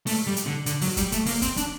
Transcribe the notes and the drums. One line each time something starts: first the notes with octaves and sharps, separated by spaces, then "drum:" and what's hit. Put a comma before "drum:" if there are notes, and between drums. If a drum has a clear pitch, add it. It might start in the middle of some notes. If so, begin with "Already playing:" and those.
A3, drum: open hi-hat
G3
drum: hi-hat
D3
D3, drum: hi-hat
F#3, drum: open hi-hat
G3, drum: kick, hi-hat
A3, drum: hi-hat
A#3, drum: open hi-hat
C4, drum: kick, hi-hat
D4, drum: hi-hat